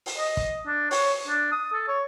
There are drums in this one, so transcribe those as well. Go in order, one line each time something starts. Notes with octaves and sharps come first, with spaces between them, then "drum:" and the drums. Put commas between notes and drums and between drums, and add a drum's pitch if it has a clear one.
drum: open hi-hat
D#5
drum: kick
D4
C#5, drum: open hi-hat
D4
D#6
A4
C#5